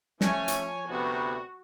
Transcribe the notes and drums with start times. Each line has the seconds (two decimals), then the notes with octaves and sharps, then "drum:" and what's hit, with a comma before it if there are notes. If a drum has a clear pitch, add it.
0.21 F3 A3 C#4 C#5 G#5, drum: snare
0.48 drum: hi-hat
0.89 D2 C3 B3 F#4